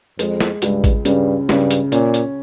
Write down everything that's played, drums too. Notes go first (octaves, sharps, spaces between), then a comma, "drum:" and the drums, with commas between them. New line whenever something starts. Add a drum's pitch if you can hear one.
F2 G#3, drum: hi-hat
drum: snare
C#2 G2, drum: hi-hat
drum: kick A1, hi-hat
G2 C#3, drum: hi-hat
G2 C#3, drum: snare
drum: hi-hat
A#2 C#4, drum: hi-hat
drum: hi-hat